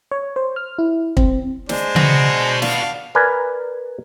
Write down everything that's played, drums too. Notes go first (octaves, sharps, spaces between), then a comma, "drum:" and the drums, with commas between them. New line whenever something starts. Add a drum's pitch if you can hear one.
C#5
C5
F6
E4
C4, drum: kick
G#3 D4 C5, drum: snare
F#4 B4, drum: tom C#3
D4 F5, drum: snare
A#4 B4 D5 G#5